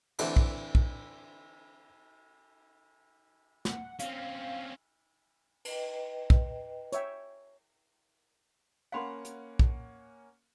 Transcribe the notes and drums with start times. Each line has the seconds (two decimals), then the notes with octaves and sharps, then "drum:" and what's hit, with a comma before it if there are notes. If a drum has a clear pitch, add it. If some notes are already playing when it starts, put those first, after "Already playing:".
0.19 D3 E3 A3 C4 D4 E4, drum: cymbal
0.36 drum: kick
0.75 drum: kick
3.65 F#5, drum: snare
3.99 C4 C#4 F5, drum: hi-hat
5.65 B4 D#5 G5, drum: cymbal
6.30 drum: kick
6.92 C#5 E5 G5, drum: hi-hat
8.92 A#3 C#4 F5 F#5 B5 C6
9.25 drum: hi-hat
9.59 drum: kick